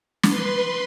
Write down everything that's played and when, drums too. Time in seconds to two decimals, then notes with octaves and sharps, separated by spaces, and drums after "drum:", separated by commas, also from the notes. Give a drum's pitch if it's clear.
0.23 B4 C6, drum: snare